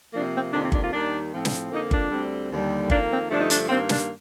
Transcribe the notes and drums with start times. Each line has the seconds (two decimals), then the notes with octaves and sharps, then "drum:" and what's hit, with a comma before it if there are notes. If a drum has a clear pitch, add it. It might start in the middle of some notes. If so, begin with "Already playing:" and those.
0.13 C3 F3 A#3 D4
0.33 C4
0.52 F2 C3 D#3 A#3 D4
0.62 C4
0.72 D4, drum: kick G1
0.82 F4
0.92 D#2 D#3 G3 D4
1.31 A2 F3 C4
1.45 drum: snare
1.71 F2 D3 F3 A#3 D#4
1.91 D4, drum: kick G1
2.10 D2 D3 G3 C4
2.50 D#2 D3 G3
2.90 F2 D#3 A#3 D4, drum: kick G1
3.10 C4
3.29 G2 D3 F3 A3 D4
3.39 D#4
3.50 D4, drum: hi-hat
3.69 G2 D#3 A#3 C4
3.89 D4, drum: snare